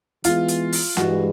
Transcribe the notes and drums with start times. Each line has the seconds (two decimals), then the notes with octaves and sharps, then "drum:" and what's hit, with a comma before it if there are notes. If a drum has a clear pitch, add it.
0.24 E3 G#3 B3 F4, drum: hi-hat
0.48 drum: hi-hat
0.72 drum: open hi-hat
0.97 G2 E3 G#3 F#4, drum: snare